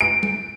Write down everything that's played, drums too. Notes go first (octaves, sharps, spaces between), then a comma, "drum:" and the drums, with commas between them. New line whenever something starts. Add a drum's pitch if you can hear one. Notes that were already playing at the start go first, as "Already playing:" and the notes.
D7
drum: tom